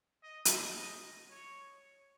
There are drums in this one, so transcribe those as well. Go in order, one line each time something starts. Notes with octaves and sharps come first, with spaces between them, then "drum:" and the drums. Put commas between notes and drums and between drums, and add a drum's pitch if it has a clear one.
D#5
drum: hi-hat
D#5
C#5